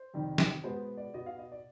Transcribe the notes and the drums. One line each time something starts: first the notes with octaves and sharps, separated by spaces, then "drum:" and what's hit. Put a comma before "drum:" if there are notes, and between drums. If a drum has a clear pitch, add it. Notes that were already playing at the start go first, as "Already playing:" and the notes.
Already playing: C5
F2 C3 D#3 G3
drum: snare
B2 G#3 B3 C5
D5
B2 B3 D#5
F5
D#5
D5